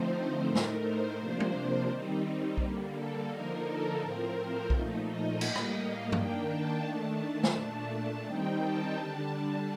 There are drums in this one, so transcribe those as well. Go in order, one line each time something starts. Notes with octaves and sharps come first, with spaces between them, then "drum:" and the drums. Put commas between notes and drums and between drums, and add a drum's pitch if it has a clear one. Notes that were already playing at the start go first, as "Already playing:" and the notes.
Already playing: D3 F3 A3 C4 D#4 C5
A2 A3 D#4 A#4
drum: snare
C5
C3 F3 A#3 D4 C5
drum: tom G#3
D#3 G3 C4 D#4
D3 G3 A#3, drum: kick B1
A4
D3 F3 A#3 D#4 A#4
A4
A2 F3 C4 A#4
C5
A#2 F3 A3 D#4, drum: kick B1
D#5
A2 G3 A#3, drum: cymbal
drum: rim click
F5
D#3 A#3 D4 G5, drum: tom G2
A5
D#3 A3 D4 A5
drum: snare
A#2 A3 D4
A5
D#3 G3 C4 D#4 G5
A5
D3 G3 D4
A5